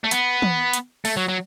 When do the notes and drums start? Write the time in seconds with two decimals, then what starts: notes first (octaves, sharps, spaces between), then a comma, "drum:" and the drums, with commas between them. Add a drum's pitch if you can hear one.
0.04 A3
0.11 B3, drum: hi-hat
0.42 drum: tom
0.73 drum: hi-hat
1.05 A3, drum: open hi-hat
1.17 F#3
1.29 F#3